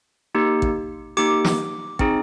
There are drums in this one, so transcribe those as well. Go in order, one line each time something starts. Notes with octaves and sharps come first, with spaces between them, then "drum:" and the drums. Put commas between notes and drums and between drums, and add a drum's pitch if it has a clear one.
A#3 D#4 G4
drum: kick
A#3 D#4 G4 D6
drum: snare
C4 D#4 G#4, drum: kick